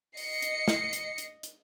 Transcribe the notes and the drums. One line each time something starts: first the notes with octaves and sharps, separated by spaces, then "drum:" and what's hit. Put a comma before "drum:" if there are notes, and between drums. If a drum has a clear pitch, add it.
D#5 C7 C#7, drum: open hi-hat
drum: hi-hat
drum: snare
drum: hi-hat
drum: hi-hat
drum: hi-hat